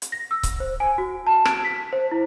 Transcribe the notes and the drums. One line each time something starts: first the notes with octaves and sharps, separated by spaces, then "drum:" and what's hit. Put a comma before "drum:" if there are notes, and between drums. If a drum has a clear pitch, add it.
drum: hi-hat
A#6
E6
drum: kick C#1, hi-hat
C5
G#5
F#4
A5
D7, drum: rim click
B6
C5
E4